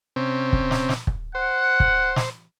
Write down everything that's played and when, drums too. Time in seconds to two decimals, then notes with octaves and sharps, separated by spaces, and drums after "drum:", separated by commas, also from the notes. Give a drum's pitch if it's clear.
0.16 C3 C4 C#4
0.53 drum: kick
0.71 drum: snare
0.89 drum: snare
1.07 drum: kick
1.35 C5 F#5
1.80 drum: kick
2.16 drum: snare